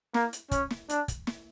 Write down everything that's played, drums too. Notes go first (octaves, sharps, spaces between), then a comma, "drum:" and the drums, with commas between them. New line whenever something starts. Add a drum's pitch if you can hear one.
A#3, drum: snare
drum: hi-hat
C#4, drum: kick, hi-hat
drum: snare
D4, drum: hi-hat
drum: kick, hi-hat
drum: snare